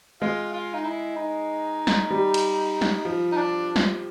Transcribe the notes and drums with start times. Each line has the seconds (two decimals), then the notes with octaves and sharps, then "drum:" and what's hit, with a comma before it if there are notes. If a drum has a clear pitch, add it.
0.21 G#3 F4
0.53 F4
0.74 D#4
0.85 E4
1.16 D#4
1.87 drum: snare
2.11 G3
2.34 drum: cymbal
2.81 drum: snare
3.05 F3
3.32 D#4
3.37 D4
3.76 drum: snare